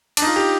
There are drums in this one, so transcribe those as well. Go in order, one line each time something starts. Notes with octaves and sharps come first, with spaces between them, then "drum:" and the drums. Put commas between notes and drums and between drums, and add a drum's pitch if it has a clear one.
D4, drum: cymbal
D#4
F4
G4